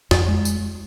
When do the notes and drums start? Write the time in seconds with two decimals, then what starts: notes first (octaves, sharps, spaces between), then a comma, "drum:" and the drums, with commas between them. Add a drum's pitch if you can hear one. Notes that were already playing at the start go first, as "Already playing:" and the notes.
0.11 F2, drum: snare
0.28 G#3
0.45 drum: tambourine